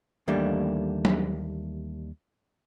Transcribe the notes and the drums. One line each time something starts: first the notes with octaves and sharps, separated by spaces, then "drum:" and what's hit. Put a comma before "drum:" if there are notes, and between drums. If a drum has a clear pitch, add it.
D#2 E3 G3 A3 A#3 D4
drum: tom F#3